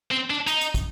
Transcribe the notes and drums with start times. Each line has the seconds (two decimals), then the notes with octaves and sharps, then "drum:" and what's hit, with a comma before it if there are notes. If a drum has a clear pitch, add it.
0.11 C4
0.30 D4
0.47 D#4, drum: hi-hat
0.61 drum: hi-hat
0.74 drum: kick, hi-hat